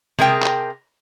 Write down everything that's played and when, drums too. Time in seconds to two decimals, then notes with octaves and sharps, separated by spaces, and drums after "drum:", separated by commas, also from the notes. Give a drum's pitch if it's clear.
0.19 C3 G#4 A#4 G5 A5, drum: tom
0.42 drum: clap